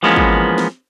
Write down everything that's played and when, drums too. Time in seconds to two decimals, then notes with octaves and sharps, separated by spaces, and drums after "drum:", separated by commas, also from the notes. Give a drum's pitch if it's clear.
0.03 E3 F3 G#3 A#3 B3 C#4
0.16 drum: kick
0.58 drum: snare